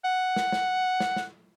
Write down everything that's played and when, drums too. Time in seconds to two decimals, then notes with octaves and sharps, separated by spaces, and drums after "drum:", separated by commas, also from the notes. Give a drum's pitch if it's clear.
0.04 F#5
0.36 drum: snare
0.52 drum: snare
1.00 drum: snare
1.16 drum: snare